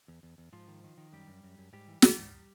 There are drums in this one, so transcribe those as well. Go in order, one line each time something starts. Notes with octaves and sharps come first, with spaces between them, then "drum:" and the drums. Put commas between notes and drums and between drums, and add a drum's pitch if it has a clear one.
E2
E2
E2
G#2 F3 F4
D#3
D#3
D#3
F#2 G3 G4
F#2
F#2
F#2
G#2 G3 G4
E3
E3, drum: snare
G#2